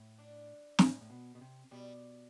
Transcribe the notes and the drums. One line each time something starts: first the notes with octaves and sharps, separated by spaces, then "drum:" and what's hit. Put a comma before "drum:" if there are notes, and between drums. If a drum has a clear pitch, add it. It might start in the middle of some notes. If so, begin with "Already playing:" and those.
Already playing: A2
D4
A2, drum: snare
A2
B2
B2
C3
B2 G3